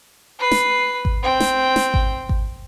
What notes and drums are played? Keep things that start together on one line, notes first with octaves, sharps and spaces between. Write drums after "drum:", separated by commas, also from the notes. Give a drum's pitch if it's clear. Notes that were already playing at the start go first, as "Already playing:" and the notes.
B4 C7
drum: snare
drum: kick G#1
C4 G5
drum: snare
drum: snare
drum: kick G#1
drum: kick G#1